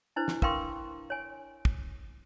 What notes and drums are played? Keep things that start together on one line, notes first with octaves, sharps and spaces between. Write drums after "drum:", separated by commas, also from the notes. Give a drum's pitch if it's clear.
D4 E4 B4 C5
drum: snare
A#4 B4 F5 G5 C6 C#6, drum: kick
C#5 G#5
drum: kick